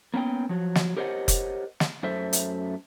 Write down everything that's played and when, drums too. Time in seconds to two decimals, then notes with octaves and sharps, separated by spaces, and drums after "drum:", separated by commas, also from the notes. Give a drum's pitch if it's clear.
0.14 A#3 B3 C#4 G5
0.49 F3 F#3
0.75 drum: snare
0.97 G4 A#4 C5 C#5 D#5 F#5
1.28 drum: kick F1, hi-hat
1.80 drum: snare
2.03 F#2 A3 C5 E5
2.33 drum: hi-hat